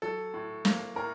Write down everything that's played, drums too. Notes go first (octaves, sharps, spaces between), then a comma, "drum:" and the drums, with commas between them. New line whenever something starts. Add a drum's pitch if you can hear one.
F#3 A4
A2
A#3, drum: snare
A2 A#4